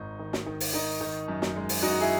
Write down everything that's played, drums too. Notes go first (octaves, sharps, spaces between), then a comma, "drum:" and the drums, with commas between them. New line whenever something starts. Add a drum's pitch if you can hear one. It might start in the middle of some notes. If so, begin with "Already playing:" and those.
Already playing: G#1 D#4
D#3
drum: snare
D#3
drum: open hi-hat
D#3 D#4
D#3
F#2
drum: snare
G#3
drum: open hi-hat
F#2 D#4 F#4
E4 G#4